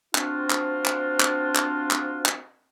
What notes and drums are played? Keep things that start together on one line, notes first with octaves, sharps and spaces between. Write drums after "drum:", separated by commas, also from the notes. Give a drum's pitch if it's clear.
C4 D4 F4 F#4, drum: clap
drum: clap
drum: clap
drum: clap
drum: clap
drum: clap
drum: clap